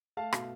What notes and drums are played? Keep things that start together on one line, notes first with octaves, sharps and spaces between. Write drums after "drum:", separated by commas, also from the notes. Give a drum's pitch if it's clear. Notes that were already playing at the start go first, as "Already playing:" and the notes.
A3 F5 A5
B2, drum: rim click